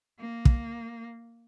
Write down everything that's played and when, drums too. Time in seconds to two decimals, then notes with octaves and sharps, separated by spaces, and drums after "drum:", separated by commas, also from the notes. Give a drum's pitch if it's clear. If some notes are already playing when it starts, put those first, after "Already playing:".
0.20 A#3
0.45 drum: kick